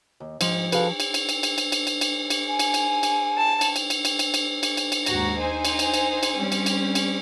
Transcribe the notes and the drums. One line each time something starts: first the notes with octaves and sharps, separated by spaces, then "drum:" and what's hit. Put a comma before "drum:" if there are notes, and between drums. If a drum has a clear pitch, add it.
D#2
G#2 F3, drum: cymbal
F#4 G#4 A4 B4 F5, drum: cymbal
drum: cymbal
drum: cymbal
drum: cymbal
drum: cymbal
drum: cymbal
drum: cymbal
drum: cymbal
drum: cymbal
drum: cymbal
G#5
drum: cymbal
drum: cymbal
drum: cymbal
A5
drum: cymbal
drum: cymbal
drum: cymbal
drum: cymbal
drum: cymbal
drum: cymbal
drum: cymbal
drum: cymbal
drum: cymbal
D#2 G#2 F#4 A#5, drum: cymbal
D#4 C5 G#5
drum: cymbal
drum: cymbal
drum: cymbal
drum: cymbal
G3 C4 C#4
drum: cymbal
drum: cymbal
drum: cymbal